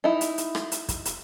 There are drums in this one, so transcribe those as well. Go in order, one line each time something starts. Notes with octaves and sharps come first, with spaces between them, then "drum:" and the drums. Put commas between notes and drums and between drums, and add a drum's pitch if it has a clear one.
D#4 E4
drum: hi-hat
drum: hi-hat
drum: rim click
drum: hi-hat
drum: kick, hi-hat
drum: hi-hat